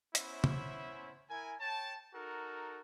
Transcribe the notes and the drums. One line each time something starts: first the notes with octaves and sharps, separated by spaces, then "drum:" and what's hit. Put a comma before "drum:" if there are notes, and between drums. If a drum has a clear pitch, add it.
B3 C#4 E4 C5 E5, drum: hi-hat
drum: tom
E4 A#4 G#5
C#5 G5 A5
D#4 F#4 A4 A#4